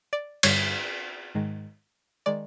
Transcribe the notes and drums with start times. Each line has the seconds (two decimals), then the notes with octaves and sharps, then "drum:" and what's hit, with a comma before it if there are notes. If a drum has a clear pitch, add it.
0.13 D5
0.43 G2 D3 G3 C#5, drum: cymbal
1.35 G#2 D#3 G#3
2.26 D#3 G#3 D5